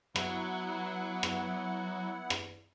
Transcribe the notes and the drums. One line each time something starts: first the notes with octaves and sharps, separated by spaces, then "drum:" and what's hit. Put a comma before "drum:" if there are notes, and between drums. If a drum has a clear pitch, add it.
F#3 B3 E4 F#5, drum: rim click
drum: rim click
drum: rim click